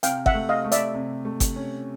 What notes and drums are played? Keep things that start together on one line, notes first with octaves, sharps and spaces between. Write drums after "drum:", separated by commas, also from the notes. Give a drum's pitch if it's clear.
C3 F5 G5, drum: hi-hat
E5 F#5, drum: kick G1
A3
D#5 F5
A3
D5 E5, drum: hi-hat
C3
A3
drum: kick G1, hi-hat
C#4